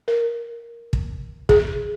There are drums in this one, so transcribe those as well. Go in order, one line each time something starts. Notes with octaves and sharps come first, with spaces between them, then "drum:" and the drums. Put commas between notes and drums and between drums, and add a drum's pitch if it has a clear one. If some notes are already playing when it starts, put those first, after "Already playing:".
A#4
drum: kick
G#4, drum: kick